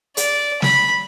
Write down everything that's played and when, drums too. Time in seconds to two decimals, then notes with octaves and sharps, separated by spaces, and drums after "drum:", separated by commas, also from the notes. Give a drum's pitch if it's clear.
0.17 D5, drum: hi-hat
0.62 B5, drum: snare